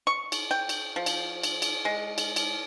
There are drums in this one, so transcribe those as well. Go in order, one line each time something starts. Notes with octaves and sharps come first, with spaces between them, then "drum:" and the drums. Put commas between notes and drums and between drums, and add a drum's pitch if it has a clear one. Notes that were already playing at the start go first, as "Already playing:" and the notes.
C#6
drum: cymbal
G5
drum: cymbal
F3
drum: cymbal
drum: cymbal
drum: cymbal
G#3
drum: cymbal
drum: cymbal